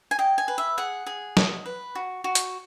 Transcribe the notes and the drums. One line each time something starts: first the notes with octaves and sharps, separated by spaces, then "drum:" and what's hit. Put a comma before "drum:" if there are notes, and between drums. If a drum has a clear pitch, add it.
G#5
D#5 G5
G#5
B4
E5
G#4 F#5
G#4
D#5, drum: snare
B4
F#4
F#4
drum: hi-hat